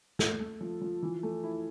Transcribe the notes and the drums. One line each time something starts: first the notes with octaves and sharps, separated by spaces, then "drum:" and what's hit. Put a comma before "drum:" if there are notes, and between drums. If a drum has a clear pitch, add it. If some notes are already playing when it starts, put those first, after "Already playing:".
A4, drum: snare
A3
F3
F3
E3
A3
E4